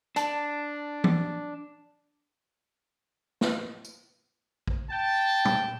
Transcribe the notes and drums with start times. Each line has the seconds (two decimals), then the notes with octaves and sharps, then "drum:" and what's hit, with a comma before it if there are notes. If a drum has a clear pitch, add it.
0.16 D4 A5, drum: hi-hat
1.04 drum: tom
3.41 drum: snare
3.85 drum: tambourine
4.67 drum: kick
4.90 G5 A5
5.45 drum: tom